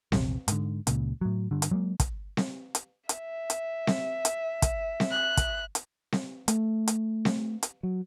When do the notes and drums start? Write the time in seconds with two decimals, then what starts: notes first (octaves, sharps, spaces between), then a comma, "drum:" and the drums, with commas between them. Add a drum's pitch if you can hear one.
0.12 A#1 E2 C3, drum: snare C4
0.48 G#2 D3, drum: hi-hat
0.87 C#2 A#2 C#3, drum: hi-hat
1.21 A2 F#3
1.51 G2 D3
1.62 drum: hi-hat
1.71 F#3 G#3 A#3
2.00 drum: kick, hi-hat
2.37 drum: snare C4
2.75 drum: hi-hat
3.09 E5, drum: hi-hat
3.50 drum: hi-hat
3.87 drum: snare C4
4.25 drum: hi-hat
4.62 drum: kick, hi-hat
5.00 drum: snare C4
5.12 F#6
5.37 drum: kick, hi-hat
5.75 drum: hi-hat
6.12 drum: snare C4
6.48 A3, drum: hi-hat
6.88 drum: hi-hat
7.25 drum: snare C4
7.63 drum: hi-hat
7.83 F#3